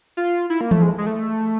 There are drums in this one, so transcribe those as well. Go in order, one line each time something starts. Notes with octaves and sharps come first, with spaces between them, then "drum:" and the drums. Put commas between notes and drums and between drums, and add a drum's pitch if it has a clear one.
F4
E4
A#3
A3, drum: tom E3
G#3
G#3
A3